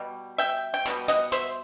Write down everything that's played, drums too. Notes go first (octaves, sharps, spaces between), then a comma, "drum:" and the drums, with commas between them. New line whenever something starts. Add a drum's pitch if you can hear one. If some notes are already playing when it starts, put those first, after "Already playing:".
Already playing: B2 G3
E5 G5
G5
B2 G3 B3, drum: tambourine
D#5 F#5, drum: tambourine
C5 E5, drum: tambourine